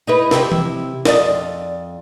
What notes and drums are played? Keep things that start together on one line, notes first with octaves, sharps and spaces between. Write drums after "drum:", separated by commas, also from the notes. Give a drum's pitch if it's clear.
D#4 E4 B4
C3 E4 G4, drum: snare
drum: tom E3
F2 D5 D#5, drum: snare